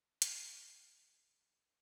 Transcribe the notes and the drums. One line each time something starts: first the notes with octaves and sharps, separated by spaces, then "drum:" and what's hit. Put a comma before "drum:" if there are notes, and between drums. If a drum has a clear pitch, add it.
B1 A2 F4 G4 D#5 A5, drum: hi-hat